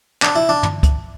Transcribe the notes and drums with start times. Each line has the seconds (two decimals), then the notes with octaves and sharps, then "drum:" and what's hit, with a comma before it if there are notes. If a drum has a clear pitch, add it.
0.22 D4, drum: clap
0.36 E4
0.49 D4
0.63 drum: tom
0.83 drum: kick, hi-hat